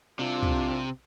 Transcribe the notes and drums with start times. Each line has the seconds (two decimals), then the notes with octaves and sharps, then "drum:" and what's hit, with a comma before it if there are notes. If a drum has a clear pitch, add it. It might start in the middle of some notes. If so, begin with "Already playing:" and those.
0.19 C2 C3 D4 F4
0.43 drum: tom